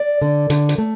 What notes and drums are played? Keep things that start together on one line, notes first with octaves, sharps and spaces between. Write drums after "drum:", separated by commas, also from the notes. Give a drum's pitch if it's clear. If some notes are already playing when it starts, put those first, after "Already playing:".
Already playing: D5
D3
D3, drum: hi-hat
drum: hi-hat
A3